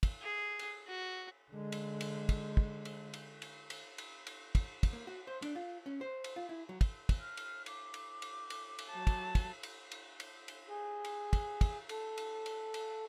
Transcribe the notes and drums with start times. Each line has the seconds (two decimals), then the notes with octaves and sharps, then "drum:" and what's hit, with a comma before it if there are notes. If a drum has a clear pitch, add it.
0.03 drum: kick, cymbal
0.22 G#4
0.59 drum: cymbal
0.88 F#4
1.52 D3 G#3
1.72 drum: cymbal
2.01 drum: cymbal
2.29 drum: kick, cymbal
2.57 drum: kick
2.85 drum: cymbal
3.14 drum: cymbal
3.42 drum: cymbal
3.70 drum: cymbal
3.98 drum: cymbal
4.27 drum: cymbal
4.55 drum: kick, cymbal
4.83 drum: kick, cymbal
4.93 A#3
5.07 F#4
5.27 C5
5.42 D4, drum: cymbal
5.56 F4
5.86 C#4
6.01 C5
6.24 drum: cymbal
6.36 F4
6.49 E4
6.69 F#3
6.81 drum: kick, cymbal
7.09 drum: kick, cymbal
7.19 F6
7.37 drum: cymbal
7.66 D6, drum: cymbal
7.94 drum: cymbal
8.22 drum: cymbal
8.50 drum: cymbal
8.79 drum: cymbal
8.89 F#3 A5
9.07 drum: kick, cymbal
9.35 drum: kick, cymbal
9.63 drum: cymbal
9.92 drum: cymbal
10.20 drum: cymbal
10.48 drum: cymbal
10.69 G#4
11.05 drum: cymbal
11.33 drum: kick, cymbal
11.61 drum: kick, cymbal
11.89 A4, drum: cymbal
12.18 drum: cymbal
12.46 drum: cymbal
12.74 drum: cymbal